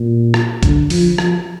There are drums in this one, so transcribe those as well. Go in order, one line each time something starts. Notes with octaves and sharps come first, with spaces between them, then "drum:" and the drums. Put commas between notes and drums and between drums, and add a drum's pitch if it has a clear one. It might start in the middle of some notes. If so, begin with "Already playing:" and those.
Already playing: A#2
drum: rim click
D3, drum: kick, hi-hat
F3, drum: open hi-hat
F3, drum: rim click